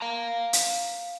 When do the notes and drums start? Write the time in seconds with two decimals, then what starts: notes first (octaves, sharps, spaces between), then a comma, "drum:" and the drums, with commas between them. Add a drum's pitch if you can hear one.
0.01 F5 A#5
0.53 drum: hi-hat